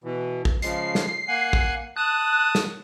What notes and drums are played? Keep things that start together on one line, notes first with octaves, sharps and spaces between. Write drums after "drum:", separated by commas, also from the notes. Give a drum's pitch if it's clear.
B2 E3
drum: kick
C#3 F3 G#3 C7, drum: hi-hat
drum: snare
A#3 F#5 G#5
drum: kick
A5 D#6 F#6
drum: snare